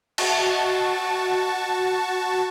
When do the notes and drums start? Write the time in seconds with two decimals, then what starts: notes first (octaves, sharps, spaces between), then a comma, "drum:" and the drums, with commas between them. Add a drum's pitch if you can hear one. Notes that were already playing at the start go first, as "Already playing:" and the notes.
0.18 F#4 A5 C#6, drum: cymbal